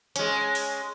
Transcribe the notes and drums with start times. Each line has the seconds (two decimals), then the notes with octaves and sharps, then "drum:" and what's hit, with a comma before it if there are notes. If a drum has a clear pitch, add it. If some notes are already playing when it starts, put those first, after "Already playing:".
0.16 G#3 C#4, drum: hi-hat
0.55 drum: open hi-hat